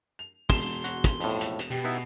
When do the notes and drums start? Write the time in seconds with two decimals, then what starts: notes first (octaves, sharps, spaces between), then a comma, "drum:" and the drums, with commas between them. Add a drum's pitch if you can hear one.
0.19 F7
0.50 E1 C6 E7 G7, drum: kick, open hi-hat
0.84 F#4, drum: hi-hat
1.04 drum: kick, hi-hat
1.21 F2 A2, drum: open hi-hat
1.41 drum: hi-hat
1.59 drum: hi-hat
1.71 B2 G4
1.84 B3 D#4 E4